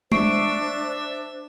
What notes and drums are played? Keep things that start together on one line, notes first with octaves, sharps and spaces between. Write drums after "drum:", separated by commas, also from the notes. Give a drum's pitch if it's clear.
D4 C5 E5 C#6 C7 D7, drum: tom G#3